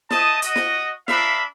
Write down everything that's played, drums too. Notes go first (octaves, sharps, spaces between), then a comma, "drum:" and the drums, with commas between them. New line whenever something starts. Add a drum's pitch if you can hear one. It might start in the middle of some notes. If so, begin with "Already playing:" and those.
A3 D#5 A5 D#6, drum: snare
F#4 D#5, drum: hi-hat
drum: snare
D4 A#4 E5 F5 B5, drum: snare